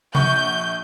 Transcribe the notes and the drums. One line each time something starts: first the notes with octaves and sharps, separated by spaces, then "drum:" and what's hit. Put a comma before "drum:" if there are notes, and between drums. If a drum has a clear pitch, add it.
A#1 F#5 C#6 G6, drum: tom C3